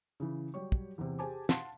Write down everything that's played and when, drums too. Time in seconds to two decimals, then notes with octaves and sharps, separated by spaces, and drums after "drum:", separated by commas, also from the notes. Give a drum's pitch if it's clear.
0.20 C#3 E3
0.54 F#3 G3 G4 C#5 C#6
0.72 drum: kick
0.98 E2 C3
1.19 G4 G#4 C5 G#5 A5 D6
1.49 F5 F#5 A5 C6, drum: snare